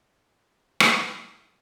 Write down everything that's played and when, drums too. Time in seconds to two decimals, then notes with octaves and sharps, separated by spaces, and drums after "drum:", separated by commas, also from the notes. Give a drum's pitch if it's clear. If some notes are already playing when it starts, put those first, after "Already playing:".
0.13 G#4 A#4
0.80 drum: rim click
0.94 C5 D5
1.29 G#4